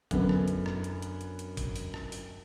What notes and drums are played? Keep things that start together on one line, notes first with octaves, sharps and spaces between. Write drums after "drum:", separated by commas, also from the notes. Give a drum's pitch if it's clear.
F#2 D3 B3, drum: kick G1, hi-hat
drum: rim click
drum: hi-hat
drum: rim click
drum: hi-hat
drum: hi-hat
drum: hi-hat
drum: hi-hat
drum: kick G1, open hi-hat
drum: open hi-hat
drum: rim click
drum: open hi-hat